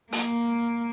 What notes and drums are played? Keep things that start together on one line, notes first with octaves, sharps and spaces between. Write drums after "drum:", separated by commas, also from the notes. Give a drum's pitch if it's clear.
A#3, drum: hi-hat